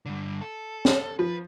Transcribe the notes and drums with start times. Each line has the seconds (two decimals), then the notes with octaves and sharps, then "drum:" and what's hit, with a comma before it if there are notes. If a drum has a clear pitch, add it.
0.06 G2 D3
0.41 A4
0.85 drum: snare C#5
1.19 F3 B4